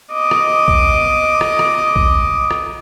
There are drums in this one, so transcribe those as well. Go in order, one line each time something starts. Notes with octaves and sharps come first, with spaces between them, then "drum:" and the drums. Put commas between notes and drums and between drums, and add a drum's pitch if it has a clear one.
D#5 D6
drum: rim click
drum: kick A#1
drum: rim click
drum: rim click
drum: kick A#1
drum: rim click